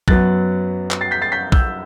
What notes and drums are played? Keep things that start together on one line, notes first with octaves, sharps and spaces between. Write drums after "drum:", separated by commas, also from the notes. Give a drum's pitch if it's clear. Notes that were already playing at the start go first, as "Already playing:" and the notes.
F#2 F#3 B3 F#6 A6, drum: kick
drum: clap
A6 C7
G6 B6
A6 C7
G6 B6
E6 G6, drum: kick